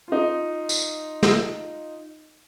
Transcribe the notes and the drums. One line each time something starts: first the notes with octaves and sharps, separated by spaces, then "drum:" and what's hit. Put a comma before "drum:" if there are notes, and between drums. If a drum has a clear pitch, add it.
D#4 F4
drum: tambourine
drum: snare